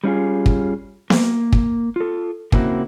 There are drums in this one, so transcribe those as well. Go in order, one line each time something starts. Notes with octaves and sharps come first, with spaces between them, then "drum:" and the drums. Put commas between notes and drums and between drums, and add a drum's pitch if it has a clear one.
G3 C#4 D#4 F4 G#4
drum: kick
A#3, drum: snare B3
drum: kick
F4 A4
C#3 A#3 C4 E4 F#4, drum: kick